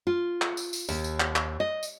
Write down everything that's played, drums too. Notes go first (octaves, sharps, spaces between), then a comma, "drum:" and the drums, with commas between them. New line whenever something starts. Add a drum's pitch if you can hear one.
F4
drum: clap
drum: tambourine
drum: tambourine
D#2, drum: tambourine
drum: tambourine
drum: clap
drum: clap
D#5
drum: tambourine